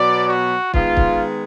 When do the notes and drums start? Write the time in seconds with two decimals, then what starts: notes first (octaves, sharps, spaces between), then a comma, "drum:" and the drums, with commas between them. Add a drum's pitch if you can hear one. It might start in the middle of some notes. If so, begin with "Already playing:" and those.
Already playing: B2 F#3 B3 D5
0.27 F#4
0.74 D#3 G#3 B3 F4, drum: kick
0.97 drum: kick